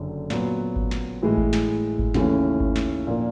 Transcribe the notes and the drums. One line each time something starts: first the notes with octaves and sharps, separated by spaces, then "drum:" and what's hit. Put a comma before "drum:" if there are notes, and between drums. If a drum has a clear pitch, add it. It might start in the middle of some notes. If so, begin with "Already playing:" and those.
Already playing: F#1 F#2 D3
A#2 F#3 B3, drum: snare
drum: kick G#1
drum: snare
A2 E3 G#3
drum: kick G#1
drum: snare
drum: kick G#1
D#2 C#3 E3 A3 C#4, drum: snare
drum: kick G#1
drum: snare
A#2 F3 A#3 D4